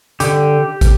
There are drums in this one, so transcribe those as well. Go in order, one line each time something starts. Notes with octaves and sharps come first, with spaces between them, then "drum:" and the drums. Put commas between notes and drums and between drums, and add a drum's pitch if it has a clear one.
D3 G4, drum: hi-hat
drum: kick, hi-hat